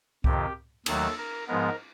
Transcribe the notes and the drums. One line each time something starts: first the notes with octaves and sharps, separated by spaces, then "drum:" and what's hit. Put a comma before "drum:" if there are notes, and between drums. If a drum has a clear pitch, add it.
F2 C3 D#3 G4, drum: kick C2
D#2 D#3 F#3 A3 A4, drum: cymbal
A#4
G#2 F3 G#3 B3 A#4